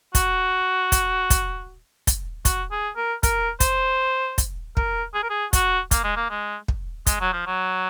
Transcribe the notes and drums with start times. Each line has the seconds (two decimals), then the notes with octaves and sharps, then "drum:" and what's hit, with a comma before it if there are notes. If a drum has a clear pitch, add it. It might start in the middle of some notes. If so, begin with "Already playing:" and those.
0.15 F#4, drum: kick, hi-hat
0.92 drum: kick, hi-hat
1.30 drum: kick, hi-hat
2.07 drum: kick, hi-hat
2.45 F#4, drum: kick, hi-hat
2.72 G#4
2.96 A#4
3.23 A#4, drum: kick, hi-hat
3.60 C5, drum: kick, hi-hat
4.38 drum: kick, hi-hat
4.77 A#4, drum: kick
5.14 G#4
5.23 A#4
5.30 G#4
5.53 F#4, drum: kick, hi-hat
5.91 A#3, drum: kick, hi-hat
6.04 G#3
6.16 A#3
6.30 G#3
6.68 drum: kick
7.07 G#3, drum: kick, hi-hat
7.21 F#3
7.33 F3
7.47 F#3